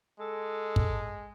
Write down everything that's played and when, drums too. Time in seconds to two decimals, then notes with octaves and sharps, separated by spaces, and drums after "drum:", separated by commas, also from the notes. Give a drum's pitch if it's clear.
0.20 G#3 A4
0.76 drum: kick